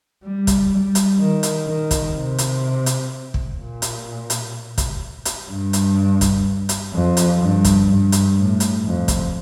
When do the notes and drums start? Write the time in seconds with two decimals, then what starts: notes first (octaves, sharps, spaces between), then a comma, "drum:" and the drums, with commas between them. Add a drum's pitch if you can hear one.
0.23 G3
0.47 drum: kick, hi-hat
0.71 G3
0.95 drum: hi-hat
1.19 D#3
1.43 drum: hi-hat
1.67 D#3
1.91 drum: kick, hi-hat
2.14 C3
2.38 drum: hi-hat
2.86 drum: hi-hat
3.34 drum: kick
3.58 A#2
3.82 drum: hi-hat
4.30 drum: hi-hat
4.78 drum: kick, hi-hat
5.25 drum: hi-hat
5.49 G2
5.73 drum: hi-hat
6.21 drum: kick, hi-hat
6.69 drum: hi-hat
6.93 F2
7.17 drum: hi-hat
7.40 G2
7.64 drum: kick, hi-hat
7.89 G2
8.12 drum: hi-hat
8.36 A2
8.60 drum: hi-hat
8.84 F2
9.08 drum: kick, hi-hat